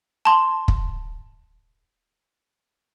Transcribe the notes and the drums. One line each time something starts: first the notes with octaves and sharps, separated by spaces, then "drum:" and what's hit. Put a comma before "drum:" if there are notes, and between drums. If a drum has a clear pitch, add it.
A5 C6
drum: kick